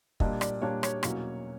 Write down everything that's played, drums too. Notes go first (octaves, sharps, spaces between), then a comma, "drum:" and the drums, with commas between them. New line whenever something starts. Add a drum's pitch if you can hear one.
A#2 G3 A#3 D4 D#5, drum: kick
D5, drum: rim click
A#2 G3 A#3 D4 C#5
C#5, drum: rim click
E2 B2 F#3 A#3 C#4, drum: rim click